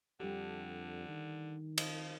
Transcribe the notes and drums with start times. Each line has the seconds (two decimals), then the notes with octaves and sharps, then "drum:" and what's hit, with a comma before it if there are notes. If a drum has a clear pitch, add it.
0.20 F2 D3 G3 D4 G4
1.08 D#3
1.78 F3 D#5, drum: cymbal